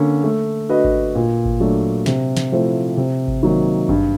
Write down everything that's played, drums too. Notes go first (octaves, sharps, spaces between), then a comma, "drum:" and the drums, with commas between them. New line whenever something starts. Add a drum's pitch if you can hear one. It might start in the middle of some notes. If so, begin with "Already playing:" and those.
Already playing: D3 A#3 C#4
A3
D4 F#4 B4 D#5
drum: kick G#1
A#2
drum: kick G#1
F#3 A3 D4
C3, drum: snare
drum: snare
F3 A3 C4 E4
C3
drum: kick G#1
D#3 F#3 A#3
G2, drum: kick G#1